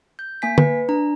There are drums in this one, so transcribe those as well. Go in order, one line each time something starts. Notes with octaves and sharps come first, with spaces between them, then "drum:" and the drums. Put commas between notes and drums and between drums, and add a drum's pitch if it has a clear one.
G6
A#3 G#5 B6
B4, drum: tom
D4 A#5